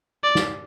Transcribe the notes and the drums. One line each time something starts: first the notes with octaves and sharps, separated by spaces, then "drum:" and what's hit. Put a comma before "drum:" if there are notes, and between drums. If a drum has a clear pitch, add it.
D5
drum: snare